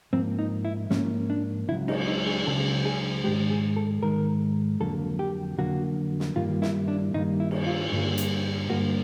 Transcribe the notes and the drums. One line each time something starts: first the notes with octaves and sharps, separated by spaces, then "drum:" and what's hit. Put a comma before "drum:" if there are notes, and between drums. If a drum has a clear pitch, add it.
G#2 F3 A#3 C4
D#4
E4
G#2 F3 A#3 C#4, drum: snare
D4
C#2 C#3 F#3 E4
D#4, drum: cymbal
D#4
G#4
C#2 C#3 F#3 A4
G#4
G#2 D#3 G#3 G4
G#4
A4
G#2 D#3 G#3 A#4
F2 D3 F#3 A#3 A4
G4
F2 D3 F#3 A#3 F#4
drum: snare
G2 D#3 G3 A#3 F4
E4, drum: snare
D4
G2 D#3 G3 A#3 D#4
E4
drum: cymbal
F4
G2 D3 G3 A#3
drum: hi-hat
G2 D3 G3 A#3 F#4